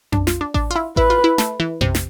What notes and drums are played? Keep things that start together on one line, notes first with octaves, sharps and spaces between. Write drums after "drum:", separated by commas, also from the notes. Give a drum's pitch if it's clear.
D4, drum: tom F2
F4, drum: snare
D4
D4, drum: kick A1
F4
E4
E4 B4, drum: kick A1
F4
E4
A3, drum: snare
E3
C3, drum: tom F2
drum: snare